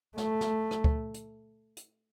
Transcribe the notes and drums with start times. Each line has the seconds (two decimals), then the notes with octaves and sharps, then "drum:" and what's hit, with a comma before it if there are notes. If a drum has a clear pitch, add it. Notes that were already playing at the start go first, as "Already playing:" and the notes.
0.18 A3, drum: snare
0.41 drum: snare
0.71 drum: rim click
0.84 drum: kick C#2
1.14 drum: hi-hat
1.77 drum: hi-hat